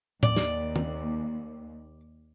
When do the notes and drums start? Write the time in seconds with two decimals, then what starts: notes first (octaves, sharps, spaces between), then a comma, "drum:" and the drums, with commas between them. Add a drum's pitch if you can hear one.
0.23 D#2 D5, drum: tom A2
0.36 drum: snare
0.76 drum: tom